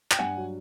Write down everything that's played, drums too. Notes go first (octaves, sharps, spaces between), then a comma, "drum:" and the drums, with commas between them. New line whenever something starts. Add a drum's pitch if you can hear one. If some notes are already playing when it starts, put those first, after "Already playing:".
G5, drum: clap
G2 F#5 G#5
F#3